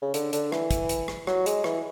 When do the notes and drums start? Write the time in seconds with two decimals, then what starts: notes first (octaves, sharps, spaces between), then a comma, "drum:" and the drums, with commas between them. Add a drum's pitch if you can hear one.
0.02 C#3
0.14 D3, drum: hi-hat
0.33 D3, drum: hi-hat
0.52 E3, drum: rim click
0.71 drum: kick, hi-hat
0.89 drum: hi-hat
1.08 drum: rim click
1.27 F#3, drum: rim click
1.46 G#3, drum: hi-hat
1.64 E3, drum: rim click